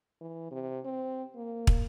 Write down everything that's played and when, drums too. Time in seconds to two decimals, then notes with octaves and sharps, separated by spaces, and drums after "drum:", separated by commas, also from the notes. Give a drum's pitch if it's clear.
0.21 E3
0.51 C3
0.85 C4
1.36 A#3
1.67 drum: kick